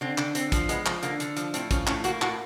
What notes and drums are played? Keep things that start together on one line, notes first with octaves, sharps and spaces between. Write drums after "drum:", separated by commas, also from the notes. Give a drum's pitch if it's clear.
D3 C4
D3, drum: clap
D3 C4, drum: hi-hat
F3, drum: kick, hi-hat
G#3 B3, drum: hi-hat
F3, drum: clap
D3 A#3, drum: hi-hat
D3, drum: hi-hat
F3, drum: hi-hat
A2 C4, drum: hi-hat
F3 C#4, drum: kick, hi-hat
A2 C#4, drum: clap
A#3 F#4, drum: hi-hat
A2 F#4, drum: clap